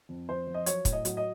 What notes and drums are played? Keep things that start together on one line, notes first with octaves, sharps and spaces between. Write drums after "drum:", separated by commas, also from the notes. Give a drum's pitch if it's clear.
F2
F2 C5
F3
D#5
F#3 C#5, drum: hi-hat
A2, drum: kick, hi-hat
D#5
F#3, drum: hi-hat
D#5